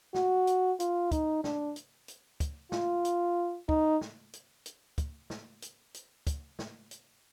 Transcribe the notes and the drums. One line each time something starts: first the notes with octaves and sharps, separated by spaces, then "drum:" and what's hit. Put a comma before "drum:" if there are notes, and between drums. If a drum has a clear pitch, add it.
F#4, drum: snare
drum: hi-hat
F4, drum: hi-hat
D#4, drum: kick, hi-hat
D4, drum: snare
drum: hi-hat
drum: hi-hat
drum: kick, hi-hat
F4, drum: snare
drum: hi-hat
D#4, drum: kick
drum: snare
drum: hi-hat
drum: hi-hat
drum: kick, hi-hat
drum: snare
drum: hi-hat
drum: hi-hat
drum: kick, hi-hat
drum: snare
drum: hi-hat